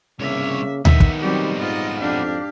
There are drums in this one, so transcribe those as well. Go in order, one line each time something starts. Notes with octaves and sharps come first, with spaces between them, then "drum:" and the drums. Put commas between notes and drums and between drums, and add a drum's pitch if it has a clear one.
C2 C#3 A#3 C#5 E5
D#3 B3 D#4 E5, drum: tom D2
drum: kick
F#3 G3 C4 G4
G#2 F4 D#5
F2 D4 G4 F5